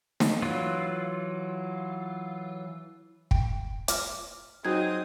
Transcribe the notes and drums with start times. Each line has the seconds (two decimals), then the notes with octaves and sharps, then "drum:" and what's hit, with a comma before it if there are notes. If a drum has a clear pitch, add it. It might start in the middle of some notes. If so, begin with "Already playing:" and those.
0.20 drum: snare
0.42 E3 F#3 F4
3.31 G5, drum: kick
3.88 D6 F6, drum: hi-hat
4.65 F#3 C4 D#4 G#4 D#6 G#6